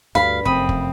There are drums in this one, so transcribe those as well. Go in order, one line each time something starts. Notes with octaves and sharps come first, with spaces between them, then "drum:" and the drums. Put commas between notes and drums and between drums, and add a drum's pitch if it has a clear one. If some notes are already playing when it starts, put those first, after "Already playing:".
D2 G2 F5 B5
F1 F#2 C4 B5 D#6
drum: kick